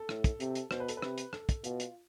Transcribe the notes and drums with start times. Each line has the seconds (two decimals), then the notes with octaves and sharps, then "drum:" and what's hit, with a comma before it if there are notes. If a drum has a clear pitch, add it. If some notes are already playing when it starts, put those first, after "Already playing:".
Already playing: A4
0.09 A2, drum: rim click
0.24 drum: kick, hi-hat
0.40 C3, drum: hi-hat
0.55 drum: hi-hat
0.71 B2 C5, drum: rim click
0.80 B4
0.88 A4, drum: hi-hat
0.97 B4
1.02 C3, drum: rim click
1.18 drum: hi-hat
1.33 A4, drum: rim click
1.49 drum: kick, hi-hat
1.64 B2 F4, drum: hi-hat
1.80 drum: hi-hat